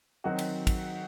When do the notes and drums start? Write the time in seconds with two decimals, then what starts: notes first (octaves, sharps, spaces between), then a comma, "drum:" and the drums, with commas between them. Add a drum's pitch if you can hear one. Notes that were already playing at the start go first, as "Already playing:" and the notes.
0.24 D#3 F#3 C4 D#4 F#4
0.39 drum: cymbal
0.67 drum: kick, cymbal